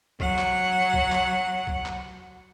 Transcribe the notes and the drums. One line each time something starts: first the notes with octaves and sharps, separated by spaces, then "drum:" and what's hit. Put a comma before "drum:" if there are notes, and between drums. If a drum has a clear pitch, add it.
F#3 F#5, drum: kick
drum: clap
drum: kick
drum: clap
drum: kick
drum: clap